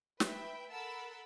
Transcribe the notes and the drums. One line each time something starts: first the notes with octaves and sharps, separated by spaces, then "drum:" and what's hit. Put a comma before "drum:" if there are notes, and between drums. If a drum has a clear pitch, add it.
B4 E5 G5 B5, drum: snare
A4 A#4 F#5 A5 B5 E6